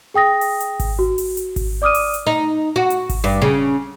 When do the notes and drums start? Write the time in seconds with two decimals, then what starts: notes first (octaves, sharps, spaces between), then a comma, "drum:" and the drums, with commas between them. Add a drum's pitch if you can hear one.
0.14 G#4 G5 D#6 A#6
0.41 drum: open hi-hat
0.60 drum: hi-hat
0.80 drum: kick G#1, open hi-hat
0.99 F#4
1.18 drum: open hi-hat
1.37 drum: hi-hat
1.56 drum: kick G#1, open hi-hat
1.82 D5 D6 D#6 F6 D#7
1.95 drum: open hi-hat
2.14 drum: hi-hat
2.27 D#4
2.76 F#4
2.90 drum: hi-hat
3.09 drum: kick G#1, open hi-hat
3.24 G2
3.42 C#3